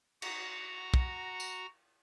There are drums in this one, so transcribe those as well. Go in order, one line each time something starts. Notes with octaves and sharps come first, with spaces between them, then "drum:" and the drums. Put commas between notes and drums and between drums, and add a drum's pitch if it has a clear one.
F#4 F#5 A#5 A#6, drum: cymbal
drum: kick
drum: tambourine